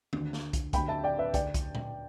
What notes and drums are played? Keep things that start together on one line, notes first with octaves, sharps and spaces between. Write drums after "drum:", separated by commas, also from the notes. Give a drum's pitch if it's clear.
D2 D3, drum: tom D#3
drum: snare
drum: kick, hi-hat
D2 D3 G5 B5, drum: kick, hi-hat
E5 A5
D5 G5
B4 E5
D2 D3 D5 G5, drum: kick, hi-hat
drum: kick, hi-hat
drum: tom A#2